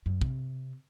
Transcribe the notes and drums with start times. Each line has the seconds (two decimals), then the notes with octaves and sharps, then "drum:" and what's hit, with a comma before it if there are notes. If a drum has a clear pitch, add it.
0.06 F#2
0.21 C3, drum: kick